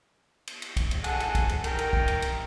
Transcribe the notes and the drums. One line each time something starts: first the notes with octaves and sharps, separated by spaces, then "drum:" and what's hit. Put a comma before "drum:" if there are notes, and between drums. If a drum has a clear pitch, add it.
drum: cymbal
drum: cymbal
drum: kick, cymbal
drum: cymbal
G#4 A4 F#5, drum: cymbal
drum: cymbal
drum: kick, cymbal
drum: cymbal
A#4 G5, drum: cymbal
drum: cymbal
drum: kick
drum: cymbal
drum: cymbal